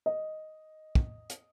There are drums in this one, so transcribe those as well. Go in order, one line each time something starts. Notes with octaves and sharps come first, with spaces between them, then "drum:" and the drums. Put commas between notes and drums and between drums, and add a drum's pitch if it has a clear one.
D#5
drum: kick
drum: hi-hat